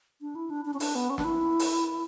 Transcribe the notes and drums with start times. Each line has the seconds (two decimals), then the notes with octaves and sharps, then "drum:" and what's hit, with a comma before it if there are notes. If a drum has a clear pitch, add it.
0.21 D4
0.35 E4
0.50 D4
0.65 D4
0.74 C#4
0.80 D4, drum: open hi-hat
0.95 B3
1.10 C#4
1.18 D4, drum: snare
1.25 E4
1.59 drum: open hi-hat